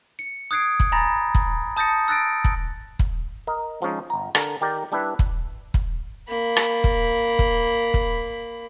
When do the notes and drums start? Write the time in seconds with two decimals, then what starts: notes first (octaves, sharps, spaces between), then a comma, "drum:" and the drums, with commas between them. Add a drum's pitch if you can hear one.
0.19 C#7
0.51 D#6 F#6 G#6 C7 D7
0.80 drum: kick
0.92 G#5 A#5 B5 A6 A#6
1.35 drum: kick
1.77 A5 D#6 G6 A6 A#6 C#7
2.08 E6 F#6 A6 A#6 D7
2.44 drum: kick
2.99 drum: kick
3.47 A#4 D#5
3.82 F3 G#3 C#4 D#4
4.10 G1 A#5
4.35 D3 A#4, drum: rim click
4.61 D#3 G4 A#4 D5
4.92 G3 D4 E4 B4
5.19 drum: kick
5.74 drum: kick
6.28 A#3 B5
6.57 drum: rim click
6.84 drum: kick
7.39 drum: kick
7.94 drum: kick